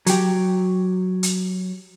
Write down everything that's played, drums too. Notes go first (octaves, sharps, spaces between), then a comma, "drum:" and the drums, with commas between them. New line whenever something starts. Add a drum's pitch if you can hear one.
F#3 G4, drum: hi-hat
drum: hi-hat